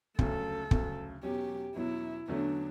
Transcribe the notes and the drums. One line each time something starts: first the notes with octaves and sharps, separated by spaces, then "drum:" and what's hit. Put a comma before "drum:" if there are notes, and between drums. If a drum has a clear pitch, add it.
D2 C#3 F#3 A3 A4, drum: kick
D2 C#3 F#3 A3, drum: kick
E2 B2 F#3 C#4 G4
E2 B2 F#3 C#4 E4
E2 D3 F#3 A3 C#4 D4